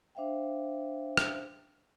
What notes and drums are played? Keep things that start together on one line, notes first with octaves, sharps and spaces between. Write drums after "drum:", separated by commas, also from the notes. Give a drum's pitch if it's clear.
D4 C5 E5 F5 G5
drum: rim click